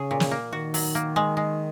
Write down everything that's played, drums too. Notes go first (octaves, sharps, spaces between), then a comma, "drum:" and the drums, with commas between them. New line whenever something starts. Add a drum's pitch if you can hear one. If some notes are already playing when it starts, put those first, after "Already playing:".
Already playing: C#3 G#4
A#2
drum: snare
A#3
D#3 F#4
F#3, drum: open hi-hat
A#3
G#3
G#3